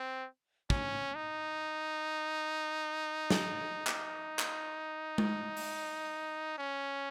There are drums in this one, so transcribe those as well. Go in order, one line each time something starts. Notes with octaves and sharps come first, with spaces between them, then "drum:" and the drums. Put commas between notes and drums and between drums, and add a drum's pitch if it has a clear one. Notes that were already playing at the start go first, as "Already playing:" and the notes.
Already playing: C4
C#4, drum: kick
D#4
drum: snare
D#4, drum: clap
drum: clap
drum: tom G#3
drum: open hi-hat
C#4